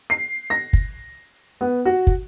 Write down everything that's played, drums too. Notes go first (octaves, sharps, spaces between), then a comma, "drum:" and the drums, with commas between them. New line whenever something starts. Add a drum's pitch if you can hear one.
C7
A#6
drum: kick
B3
F#4
drum: kick